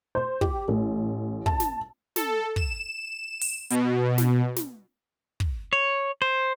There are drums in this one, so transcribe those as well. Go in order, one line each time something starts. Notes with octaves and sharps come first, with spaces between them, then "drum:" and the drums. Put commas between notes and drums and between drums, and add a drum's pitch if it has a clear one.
C5
G4, drum: kick
A1
A5, drum: kick
drum: snare
A4, drum: snare
E7, drum: kick
drum: open hi-hat
B2, drum: hi-hat
drum: snare
drum: snare
drum: kick
C#5
C5